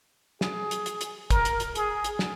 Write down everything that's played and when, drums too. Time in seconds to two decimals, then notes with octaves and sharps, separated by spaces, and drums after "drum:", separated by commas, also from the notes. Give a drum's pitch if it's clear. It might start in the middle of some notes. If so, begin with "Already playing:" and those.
0.41 G#4, drum: snare
0.71 drum: hi-hat
0.86 drum: hi-hat
1.01 drum: hi-hat
1.30 A#4, drum: kick, hi-hat
1.45 drum: hi-hat
1.60 drum: hi-hat
1.75 G#4, drum: hi-hat
2.04 drum: hi-hat
2.19 drum: snare